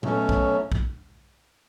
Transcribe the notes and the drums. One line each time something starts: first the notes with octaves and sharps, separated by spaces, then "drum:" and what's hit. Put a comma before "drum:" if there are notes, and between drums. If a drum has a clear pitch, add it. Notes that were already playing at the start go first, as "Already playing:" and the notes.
B2 F#3 A3 C#4, drum: tom A#2
drum: kick
drum: kick